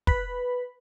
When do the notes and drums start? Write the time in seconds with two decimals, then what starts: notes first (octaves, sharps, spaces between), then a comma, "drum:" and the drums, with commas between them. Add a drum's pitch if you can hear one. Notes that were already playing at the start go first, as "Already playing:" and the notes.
0.07 B4 B5, drum: kick